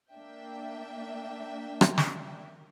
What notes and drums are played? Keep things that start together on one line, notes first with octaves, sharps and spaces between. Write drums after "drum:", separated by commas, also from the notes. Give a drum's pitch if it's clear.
A#3 D4 E5 G5
drum: rim click
drum: snare